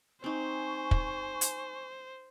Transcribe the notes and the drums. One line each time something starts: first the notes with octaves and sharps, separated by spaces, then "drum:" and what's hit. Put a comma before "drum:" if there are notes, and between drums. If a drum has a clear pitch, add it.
C4 D#4 C5 G#5 C#6
drum: kick
drum: hi-hat